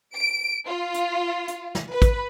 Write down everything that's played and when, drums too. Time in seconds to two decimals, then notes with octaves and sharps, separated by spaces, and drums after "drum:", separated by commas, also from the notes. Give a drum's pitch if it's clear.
0.16 D7
0.67 F4
0.94 drum: hi-hat
1.48 drum: hi-hat
1.75 drum: snare
1.92 B4
2.02 drum: kick, hi-hat